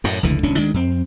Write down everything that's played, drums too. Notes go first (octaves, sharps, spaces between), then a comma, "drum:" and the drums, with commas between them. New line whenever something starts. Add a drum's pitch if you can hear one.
F#2 A2, drum: open hi-hat
F1 C#2 D3 E3
D#1 C#2 C#4 D4
D2 D#3 G#3 D4
F2 C4